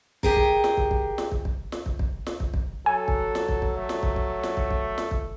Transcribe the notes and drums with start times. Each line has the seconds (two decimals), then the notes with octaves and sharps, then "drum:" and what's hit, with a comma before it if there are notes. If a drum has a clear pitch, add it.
0.23 G4 G#4 A#4, drum: kick
0.37 drum: kick
0.64 drum: snare
0.77 drum: kick
0.91 drum: kick
1.18 drum: snare
1.32 drum: kick
1.45 drum: kick
1.72 drum: snare
1.86 drum: kick
1.99 drum: kick
2.26 drum: snare
2.40 drum: kick
2.54 drum: kick
2.86 F#3 A4 G#5
3.08 drum: kick
3.35 drum: snare
3.49 drum: kick
3.62 drum: kick
3.76 A3
3.89 drum: snare
4.03 drum: kick
4.16 drum: kick
4.43 drum: snare
4.57 drum: kick
4.71 drum: kick
4.98 drum: snare
5.11 drum: kick